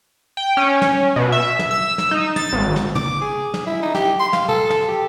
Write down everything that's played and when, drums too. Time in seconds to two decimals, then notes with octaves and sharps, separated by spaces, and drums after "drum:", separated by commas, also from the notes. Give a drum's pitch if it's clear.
0.37 G5
0.57 C#4
0.82 drum: snare
1.16 B2
1.32 E5
1.59 drum: snare
1.71 E6
1.98 drum: snare
2.11 D#4
2.36 A6, drum: snare
2.53 G#1
2.76 drum: snare
2.95 D6, drum: tom
3.21 G#4
3.54 drum: snare
3.67 E4
3.82 D#4
3.95 G4, drum: snare
4.20 C6
4.33 F5, drum: snare
4.49 A4, drum: tom
4.70 drum: snare
4.88 G4